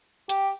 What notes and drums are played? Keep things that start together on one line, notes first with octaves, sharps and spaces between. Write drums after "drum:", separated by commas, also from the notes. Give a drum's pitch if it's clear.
G4, drum: hi-hat